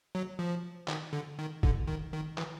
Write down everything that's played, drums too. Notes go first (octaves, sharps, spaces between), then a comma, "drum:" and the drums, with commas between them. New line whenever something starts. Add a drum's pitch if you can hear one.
F#3
F3
D#3, drum: clap
D3
D#3
D3, drum: kick
D#3
D#3
E3, drum: clap